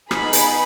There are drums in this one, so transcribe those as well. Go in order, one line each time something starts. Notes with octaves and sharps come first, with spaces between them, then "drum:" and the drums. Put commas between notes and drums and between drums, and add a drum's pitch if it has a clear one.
B3 D#4 G#4 B5, drum: rim click
drum: hi-hat